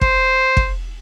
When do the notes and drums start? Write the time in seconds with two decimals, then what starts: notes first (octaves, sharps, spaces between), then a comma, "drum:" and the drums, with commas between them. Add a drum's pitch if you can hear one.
0.01 C5, drum: kick
0.57 drum: kick